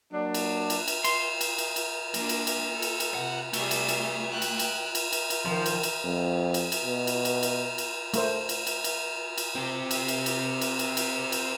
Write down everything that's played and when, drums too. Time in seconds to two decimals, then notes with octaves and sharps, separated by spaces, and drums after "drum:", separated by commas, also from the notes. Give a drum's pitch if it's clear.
0.13 F#3 A#3 D4
0.34 drum: cymbal
0.70 drum: cymbal
0.88 drum: cymbal
1.04 C6, drum: cymbal
1.41 drum: cymbal
1.58 drum: cymbal
1.76 drum: cymbal
2.14 A#3 D4, drum: cymbal
2.29 drum: cymbal
2.47 drum: cymbal
2.73 A4
2.82 drum: cymbal
3.00 drum: cymbal
3.14 C3 F#5
3.53 C3 G3 A3 G#4, drum: cymbal
3.71 drum: cymbal
3.89 drum: cymbal
4.30 G5 F#6
4.42 drum: cymbal
4.59 drum: cymbal
4.95 drum: cymbal
5.13 drum: cymbal
5.30 drum: cymbal
5.46 D#3 F3
5.66 drum: cymbal
5.83 drum: cymbal
6.04 F2
6.54 drum: cymbal
6.72 drum: cymbal
6.85 B2
7.07 drum: cymbal
7.25 drum: cymbal
7.43 drum: cymbal
7.78 drum: cymbal
8.14 A3 A#4 C5, drum: cymbal
8.49 drum: cymbal
8.67 drum: cymbal
8.84 drum: cymbal
9.38 drum: cymbal
9.55 C4 G4
9.91 drum: cymbal
10.08 drum: cymbal
10.26 drum: cymbal
10.61 drum: cymbal
10.79 drum: cymbal
10.97 drum: cymbal
11.32 drum: cymbal